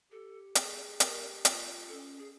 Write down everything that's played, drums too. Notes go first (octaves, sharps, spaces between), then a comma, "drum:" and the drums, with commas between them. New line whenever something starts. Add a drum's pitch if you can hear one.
G4 A4
G#4, drum: hi-hat
G4 A#4, drum: hi-hat
F4, drum: hi-hat
C#4 A4
G#4